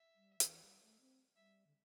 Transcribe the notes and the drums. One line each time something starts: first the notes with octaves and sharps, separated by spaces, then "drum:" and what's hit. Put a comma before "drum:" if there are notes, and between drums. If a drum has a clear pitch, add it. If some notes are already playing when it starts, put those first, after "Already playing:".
Already playing: E5
G3
E3, drum: hi-hat
G3
A3
C4
G3 E5
D3